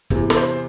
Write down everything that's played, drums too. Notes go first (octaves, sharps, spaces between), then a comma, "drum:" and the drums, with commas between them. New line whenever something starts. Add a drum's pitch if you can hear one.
E2 C3 E3, drum: kick, hi-hat
A4, drum: snare
C5